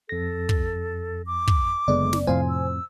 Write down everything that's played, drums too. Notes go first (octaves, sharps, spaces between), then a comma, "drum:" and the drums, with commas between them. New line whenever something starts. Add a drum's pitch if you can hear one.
F2 A4 A#6
drum: kick
D6
drum: kick
F#1 D3 G#3 B3 D5
drum: snare
F2 A2 C3 C5 F5 G#5
E6